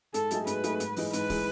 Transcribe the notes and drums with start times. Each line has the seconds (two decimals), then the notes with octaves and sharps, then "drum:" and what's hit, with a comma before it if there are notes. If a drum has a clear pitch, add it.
0.14 G#2 A4, drum: hi-hat
0.31 F#3 A3 D#4 G#4, drum: hi-hat
0.47 G#2 B4, drum: hi-hat
0.64 F#3 A3 D#4 G#4, drum: hi-hat
0.80 G#2, drum: hi-hat
0.96 E3 G#3 D#4, drum: open hi-hat
1.13 G#2 B4, drum: hi-hat
1.30 E3 G#3 D#4, drum: kick, open hi-hat